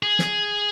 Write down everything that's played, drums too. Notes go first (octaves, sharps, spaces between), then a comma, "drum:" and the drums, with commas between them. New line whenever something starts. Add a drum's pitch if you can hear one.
G#4
drum: snare